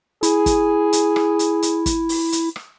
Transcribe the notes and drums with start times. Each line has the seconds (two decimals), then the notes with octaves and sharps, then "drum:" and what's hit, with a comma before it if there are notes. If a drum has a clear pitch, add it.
0.23 E4 G#4, drum: hi-hat
0.46 drum: kick, hi-hat
0.93 drum: hi-hat
1.16 drum: rim click
1.39 drum: hi-hat
1.62 drum: hi-hat
1.86 drum: kick, hi-hat
2.09 drum: open hi-hat
2.32 drum: hi-hat
2.56 drum: rim click